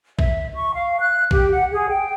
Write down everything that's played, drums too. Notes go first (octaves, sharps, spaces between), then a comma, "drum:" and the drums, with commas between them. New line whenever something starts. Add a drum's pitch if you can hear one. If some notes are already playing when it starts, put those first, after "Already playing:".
E5, drum: kick A#1
C#6
F5
F#6
G4, drum: kick A#1
F#5
G#4
G5